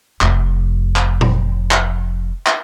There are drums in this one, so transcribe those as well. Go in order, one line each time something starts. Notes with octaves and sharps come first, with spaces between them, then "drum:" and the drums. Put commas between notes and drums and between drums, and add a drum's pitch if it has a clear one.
F1 F2, drum: clap
drum: clap
drum: tom A#2
drum: clap
drum: clap